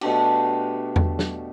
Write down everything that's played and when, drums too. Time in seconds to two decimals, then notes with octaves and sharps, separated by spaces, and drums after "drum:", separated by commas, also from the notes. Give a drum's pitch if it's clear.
0.01 B2 A3 D4 G4, drum: cymbal
0.96 drum: tom E2
1.19 drum: snare